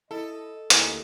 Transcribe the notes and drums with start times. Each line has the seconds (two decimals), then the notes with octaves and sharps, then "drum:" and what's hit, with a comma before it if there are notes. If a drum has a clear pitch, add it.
0.11 E4 A4 D#5
0.70 D2 A#3 D#4 E4 G4 G#4, drum: hi-hat